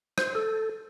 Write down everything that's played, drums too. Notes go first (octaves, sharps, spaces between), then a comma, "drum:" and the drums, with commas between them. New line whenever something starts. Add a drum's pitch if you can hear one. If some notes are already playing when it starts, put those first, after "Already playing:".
C5, drum: rim click
A4